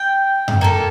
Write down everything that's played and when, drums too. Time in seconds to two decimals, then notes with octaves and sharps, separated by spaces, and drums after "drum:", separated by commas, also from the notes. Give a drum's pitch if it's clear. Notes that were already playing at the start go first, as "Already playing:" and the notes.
Already playing: G5
0.48 drum: tom F#2
0.61 A#3 F4 A4